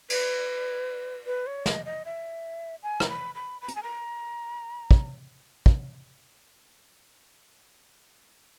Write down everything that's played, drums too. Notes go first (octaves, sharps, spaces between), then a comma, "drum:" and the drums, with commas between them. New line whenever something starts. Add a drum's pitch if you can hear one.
B4, drum: cymbal
B4
C#5
D#5, drum: snare
D#5
E5
G#5
A#5, drum: rim click
B5
B5
B5
A#5, drum: hi-hat
G#5
A#5
drum: kick
drum: kick